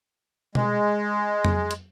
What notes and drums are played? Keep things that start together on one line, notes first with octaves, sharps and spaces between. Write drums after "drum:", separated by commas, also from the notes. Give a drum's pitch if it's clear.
G#3, drum: tom B2
drum: tom F2
drum: hi-hat